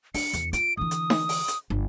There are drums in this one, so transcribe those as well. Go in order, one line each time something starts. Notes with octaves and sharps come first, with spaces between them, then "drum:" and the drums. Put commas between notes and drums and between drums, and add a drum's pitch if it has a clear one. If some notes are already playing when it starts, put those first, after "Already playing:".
D4 C#7, drum: open hi-hat
E2, drum: hi-hat
F4 D7, drum: hi-hat
D3 E3 D#6
drum: hi-hat
drum: snare D#4
drum: open hi-hat
drum: hi-hat
G1